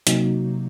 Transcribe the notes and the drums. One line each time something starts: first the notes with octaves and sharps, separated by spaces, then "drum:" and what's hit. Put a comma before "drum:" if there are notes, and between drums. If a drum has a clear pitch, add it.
C3 F#3 A#3 D#4 F#4, drum: hi-hat